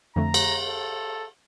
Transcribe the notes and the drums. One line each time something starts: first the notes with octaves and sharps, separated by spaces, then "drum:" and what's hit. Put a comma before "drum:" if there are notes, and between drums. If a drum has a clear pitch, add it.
F2 D3 A3 A#5
drum: cymbal
A4